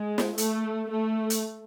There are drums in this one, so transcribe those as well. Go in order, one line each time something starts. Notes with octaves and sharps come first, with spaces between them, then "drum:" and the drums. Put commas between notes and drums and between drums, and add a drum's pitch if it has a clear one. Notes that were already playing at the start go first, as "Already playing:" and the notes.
Already playing: G#3
drum: snare
A3, drum: hi-hat
A3
drum: hi-hat